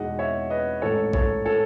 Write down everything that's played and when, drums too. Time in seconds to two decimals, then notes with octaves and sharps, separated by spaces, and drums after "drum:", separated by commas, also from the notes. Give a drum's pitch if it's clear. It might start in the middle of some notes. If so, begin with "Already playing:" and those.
Already playing: E2 B2 G#3 D#4 D#5 F#5
0.19 C#5 E5
0.50 B4 D#5
0.82 A1 G#2 D#3 A4 C#5
1.13 A4 C#5, drum: kick A#1
1.45 A4 C#5